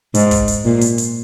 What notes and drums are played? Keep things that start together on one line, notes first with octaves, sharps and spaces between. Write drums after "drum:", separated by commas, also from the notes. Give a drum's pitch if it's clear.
G#2, drum: hi-hat
drum: kick, hi-hat
drum: hi-hat
A#2
drum: hi-hat
drum: hi-hat